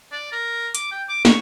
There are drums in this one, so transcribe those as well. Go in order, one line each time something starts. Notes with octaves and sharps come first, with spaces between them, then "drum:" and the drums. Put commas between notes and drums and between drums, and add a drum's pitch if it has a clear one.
D5
A#4
D6, drum: hi-hat
G5
D6
C#6, drum: snare